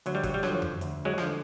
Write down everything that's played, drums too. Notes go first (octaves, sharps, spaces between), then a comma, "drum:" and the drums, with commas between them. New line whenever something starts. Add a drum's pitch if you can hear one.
D2 F#3, drum: hi-hat
G3
F#3, drum: kick, hi-hat
G3
D3 F3 F#3, drum: rim click
drum: tom F2
D2, drum: hi-hat
F#3 G#3
F3, drum: rim click
D3